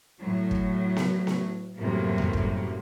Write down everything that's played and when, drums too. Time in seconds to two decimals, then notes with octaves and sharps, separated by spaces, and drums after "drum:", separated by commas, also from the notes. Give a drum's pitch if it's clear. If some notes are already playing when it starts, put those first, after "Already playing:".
0.21 A2 F#3
0.51 drum: kick
0.97 drum: snare B3
1.27 drum: snare B3
1.78 F#2 A2 C3 F#3 G3 A#3
2.18 drum: tom D2
2.33 drum: kick